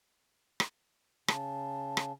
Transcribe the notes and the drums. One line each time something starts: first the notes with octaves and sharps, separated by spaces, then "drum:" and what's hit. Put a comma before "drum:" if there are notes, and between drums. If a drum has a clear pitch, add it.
drum: rim click
C#3 A5, drum: rim click
drum: rim click